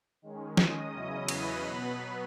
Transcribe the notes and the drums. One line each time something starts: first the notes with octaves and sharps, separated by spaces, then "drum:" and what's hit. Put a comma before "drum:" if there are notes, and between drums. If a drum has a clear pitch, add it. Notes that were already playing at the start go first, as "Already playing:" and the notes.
D#3 G#3 C#4
D#5 D#6, drum: snare
E2 C#3 F#3 C#4 E4 D#5 D#6
B4 B5, drum: cymbal
B2 F#3 B3